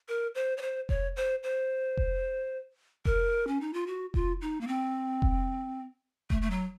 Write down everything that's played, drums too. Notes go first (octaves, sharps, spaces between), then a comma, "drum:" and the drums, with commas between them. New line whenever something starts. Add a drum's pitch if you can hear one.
A#4
C5
C#5
C5
C#5, drum: kick F1
C5
C5
drum: kick F1
A#4, drum: kick F1
C#4
D#4
F4
F#4
F4, drum: kick F1
D#4
A#3
C4
drum: kick F1
A3, drum: kick F1
A3
F#3